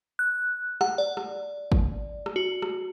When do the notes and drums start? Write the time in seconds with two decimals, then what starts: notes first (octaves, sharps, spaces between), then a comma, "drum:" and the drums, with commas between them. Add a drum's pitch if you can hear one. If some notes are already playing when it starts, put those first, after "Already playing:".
0.19 F#6
0.81 F#5, drum: rim click
0.98 D5
1.17 drum: rim click
1.72 drum: kick
2.26 drum: rim click
2.36 F#4
2.62 drum: rim click